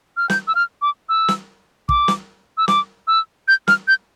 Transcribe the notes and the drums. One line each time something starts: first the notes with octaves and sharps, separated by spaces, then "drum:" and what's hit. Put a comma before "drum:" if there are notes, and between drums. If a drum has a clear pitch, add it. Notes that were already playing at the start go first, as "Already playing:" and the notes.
F6
G6, drum: snare
E6
F6
D6
E6
drum: snare
D6, drum: kick
drum: snare
E6
D6, drum: snare
E6
G6
F6, drum: snare
G6